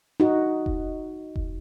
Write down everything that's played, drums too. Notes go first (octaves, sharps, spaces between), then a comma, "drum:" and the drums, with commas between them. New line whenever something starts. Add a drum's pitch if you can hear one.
D#4 F#4
drum: kick F1
drum: kick F1